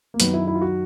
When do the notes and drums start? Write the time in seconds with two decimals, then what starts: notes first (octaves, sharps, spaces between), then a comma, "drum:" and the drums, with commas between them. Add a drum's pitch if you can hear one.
0.14 A#3
0.20 F#2 D#3 F#3 B3, drum: hi-hat
0.34 E4
0.47 E4
0.55 F4
0.61 F#4